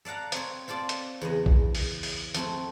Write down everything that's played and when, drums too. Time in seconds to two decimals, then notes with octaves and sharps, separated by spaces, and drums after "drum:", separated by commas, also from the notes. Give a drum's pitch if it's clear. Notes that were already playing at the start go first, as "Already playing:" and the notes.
0.05 A4 D5 F5 F#5 A#5
0.32 C4 C#5, drum: hi-hat
0.68 C4 F4 A4 D5 C6
0.89 drum: hi-hat
1.21 E2 C#3 D#5
1.46 drum: kick A#1
1.75 drum: open hi-hat
2.03 drum: open hi-hat
2.34 F2 A3 C4, drum: hi-hat